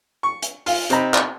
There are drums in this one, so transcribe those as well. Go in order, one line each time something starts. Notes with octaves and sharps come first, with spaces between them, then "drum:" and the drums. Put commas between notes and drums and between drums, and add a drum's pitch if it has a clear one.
C#6
drum: hi-hat
F4, drum: open hi-hat
C3 C4 D#4 A#5 B5, drum: hi-hat
drum: clap